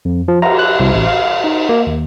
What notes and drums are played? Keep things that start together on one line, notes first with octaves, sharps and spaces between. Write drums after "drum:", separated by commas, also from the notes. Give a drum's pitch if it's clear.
F2
F3
A#5, drum: cymbal
F#6
C2
A1
F5
D#4
A#3
D#2